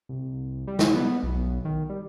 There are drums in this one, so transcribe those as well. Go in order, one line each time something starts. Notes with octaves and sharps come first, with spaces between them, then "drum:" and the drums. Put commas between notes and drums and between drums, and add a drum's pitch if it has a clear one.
C2
G3
drum: snare
B3
B1
D#3
G3